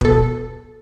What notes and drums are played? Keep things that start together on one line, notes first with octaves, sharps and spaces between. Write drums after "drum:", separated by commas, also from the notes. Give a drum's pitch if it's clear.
B2 A4, drum: kick